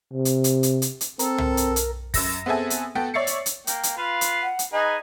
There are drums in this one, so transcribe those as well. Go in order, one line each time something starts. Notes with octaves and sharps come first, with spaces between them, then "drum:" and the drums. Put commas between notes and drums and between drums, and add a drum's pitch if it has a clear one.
C3
drum: hi-hat
drum: hi-hat
drum: hi-hat
drum: hi-hat
drum: hi-hat
C4 A4 A#4, drum: hi-hat
drum: tom
drum: hi-hat
drum: hi-hat
F#2 E6 A#6, drum: kick, open hi-hat
B3 C4 G#4 A4 E5 G#5
drum: hi-hat
B3 F#4 A4 G5
C#5 D5 E5 A6 C7 C#7
drum: hi-hat
drum: hi-hat
A#3 G5, drum: hi-hat
drum: hi-hat
F4 B4 F5
drum: hi-hat
F#5
drum: hi-hat
D#4 G#4 B4 D#5